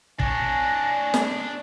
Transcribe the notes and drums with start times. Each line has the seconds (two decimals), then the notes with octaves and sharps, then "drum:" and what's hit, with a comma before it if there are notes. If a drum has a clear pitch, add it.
0.20 D4 C#5 G#5 A#6, drum: kick
1.14 drum: snare